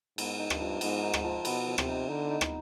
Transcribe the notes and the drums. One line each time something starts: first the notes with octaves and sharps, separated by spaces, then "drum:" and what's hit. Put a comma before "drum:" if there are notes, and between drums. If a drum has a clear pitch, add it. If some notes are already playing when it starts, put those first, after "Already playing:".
G#2 B3, drum: cymbal
D#4
G2, drum: rim click
F3
G#2 B3, drum: cymbal
D#4
drum: rim click
F3
B2 B3, drum: cymbal
F3
C3, drum: rim click
D#4
D3 D#4
D#4
drum: rim click